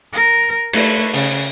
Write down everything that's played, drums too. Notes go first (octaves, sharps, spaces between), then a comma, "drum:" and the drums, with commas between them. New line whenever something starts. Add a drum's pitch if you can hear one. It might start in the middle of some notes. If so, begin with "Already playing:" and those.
A#4
A3 B4, drum: cymbal
C#3, drum: open hi-hat